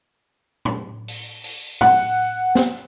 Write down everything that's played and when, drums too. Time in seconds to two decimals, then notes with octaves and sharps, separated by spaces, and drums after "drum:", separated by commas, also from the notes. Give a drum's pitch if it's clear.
0.65 drum: tom
1.08 drum: open hi-hat
1.44 drum: open hi-hat
1.81 F#5, drum: tom
2.55 drum: snare